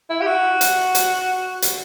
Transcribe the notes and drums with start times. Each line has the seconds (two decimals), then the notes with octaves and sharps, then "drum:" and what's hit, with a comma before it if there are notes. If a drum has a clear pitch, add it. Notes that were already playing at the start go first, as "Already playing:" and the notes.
0.10 E4
0.21 G4
0.27 F#4
0.61 drum: hi-hat
0.95 drum: hi-hat
1.62 drum: hi-hat